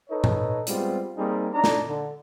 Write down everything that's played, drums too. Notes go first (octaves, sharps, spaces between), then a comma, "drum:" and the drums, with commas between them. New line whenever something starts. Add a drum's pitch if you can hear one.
D#4 A4 B4 C#5 D#5
drum: tom G#2
G3 G#3 B3 C4 F4, drum: hi-hat
G3 A#3 C4 D#4 G#4
D4 D#4 D5 A#5
drum: snare
D3